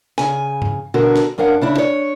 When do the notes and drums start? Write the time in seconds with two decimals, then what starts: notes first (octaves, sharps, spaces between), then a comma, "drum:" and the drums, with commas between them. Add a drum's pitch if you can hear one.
0.18 C#3 G#5, drum: snare
0.62 drum: tom G#2
0.94 B2 D3 F#4 A#4
1.16 drum: snare
1.38 F#2 D4 A#4 F5 F#5
1.61 C#3 D4 E4
1.78 C#5